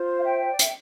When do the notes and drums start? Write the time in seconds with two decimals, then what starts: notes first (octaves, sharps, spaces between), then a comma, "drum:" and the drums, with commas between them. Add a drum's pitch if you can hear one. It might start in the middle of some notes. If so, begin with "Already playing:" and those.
Already playing: F4 C5
0.17 F5
0.23 E5 G5
0.51 D5
0.59 E5, drum: hi-hat